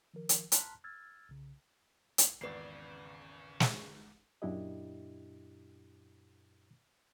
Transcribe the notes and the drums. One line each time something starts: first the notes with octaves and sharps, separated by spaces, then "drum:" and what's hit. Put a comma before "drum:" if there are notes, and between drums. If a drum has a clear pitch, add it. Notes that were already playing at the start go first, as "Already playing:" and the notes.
D#3 F3 A#4
drum: hi-hat
A5 A#5 C6 F6 F#6 B6, drum: hi-hat
E6 F6 G#6 A6
B1 C#3
drum: hi-hat
G#1 E2 C#3 B4 D5 C7
drum: snare
F#2 A#2 D4 E4 G4 D#5